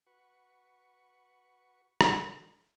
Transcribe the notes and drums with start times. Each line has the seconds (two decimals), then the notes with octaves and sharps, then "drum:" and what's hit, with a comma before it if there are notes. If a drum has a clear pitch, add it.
0.06 F#4 B4 C#6
2.01 drum: rim click